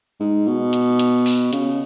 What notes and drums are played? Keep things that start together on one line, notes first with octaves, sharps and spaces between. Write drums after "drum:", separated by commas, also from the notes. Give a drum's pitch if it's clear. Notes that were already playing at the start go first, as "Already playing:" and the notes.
G#2
B2
drum: hi-hat
drum: hi-hat
drum: open hi-hat
C#3, drum: hi-hat